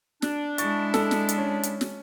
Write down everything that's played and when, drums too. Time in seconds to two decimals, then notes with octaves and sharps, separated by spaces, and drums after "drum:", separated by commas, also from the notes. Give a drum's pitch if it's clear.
0.22 D4, drum: snare
0.58 G#3 E4 C#6 A6, drum: hi-hat
0.94 A4, drum: snare
1.11 drum: snare
1.29 drum: hi-hat
1.38 C#4
1.63 drum: hi-hat
1.81 drum: snare